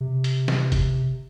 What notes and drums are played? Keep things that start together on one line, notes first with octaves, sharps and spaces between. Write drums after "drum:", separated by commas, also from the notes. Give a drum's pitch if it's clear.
C3
drum: hi-hat
drum: snare
drum: kick, hi-hat